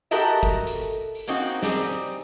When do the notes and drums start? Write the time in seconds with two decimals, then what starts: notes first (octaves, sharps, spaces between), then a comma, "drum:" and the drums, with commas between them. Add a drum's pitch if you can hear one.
0.11 F#4 G4 A4 A#4 D#5 E5
0.43 drum: kick
0.67 drum: hi-hat
1.15 drum: open hi-hat
1.27 A#3 C4 C#4 D#4 F#4
1.63 G3 C4 D#4 G#4, drum: snare